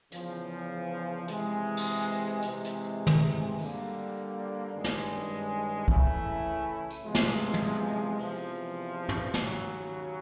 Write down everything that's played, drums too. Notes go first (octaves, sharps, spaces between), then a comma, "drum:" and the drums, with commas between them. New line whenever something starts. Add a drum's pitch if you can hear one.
E2 C#3 F3, drum: hi-hat
C3 E3 G#3, drum: hi-hat
drum: cymbal
C3 E3 G#3, drum: hi-hat
drum: hi-hat
drum: tom
D3 G3 A#3, drum: open hi-hat
G2 D#3 G#3 C#4
drum: snare
C#3 E3 A3 C#4 E4, drum: kick
drum: tambourine
E2 C3 F3 G#3
drum: snare
drum: tom
E2 C3 F3, drum: open hi-hat
drum: tom
D#2 C#3 F#3, drum: snare